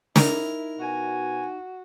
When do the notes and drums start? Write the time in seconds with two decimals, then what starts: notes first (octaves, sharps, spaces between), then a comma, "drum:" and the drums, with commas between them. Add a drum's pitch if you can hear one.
0.16 D#4 E4 A#4, drum: snare
0.78 B2 F#4 G#5